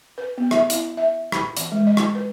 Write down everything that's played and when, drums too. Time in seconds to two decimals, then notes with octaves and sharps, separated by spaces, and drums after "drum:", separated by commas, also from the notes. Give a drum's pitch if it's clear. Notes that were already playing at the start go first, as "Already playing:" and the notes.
0.18 B4
0.38 B3
0.51 E5, drum: rim click
0.70 E4, drum: hi-hat
0.97 E5
1.32 B5, drum: rim click
1.57 E3, drum: hi-hat
1.72 G#3
1.87 D#5
1.97 drum: rim click
2.15 B4